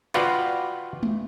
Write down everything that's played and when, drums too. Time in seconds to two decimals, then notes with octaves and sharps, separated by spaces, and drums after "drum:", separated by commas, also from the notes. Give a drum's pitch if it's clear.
0.14 F4 F#4 B4 D5 F5 G5, drum: hi-hat
1.03 drum: tom G#3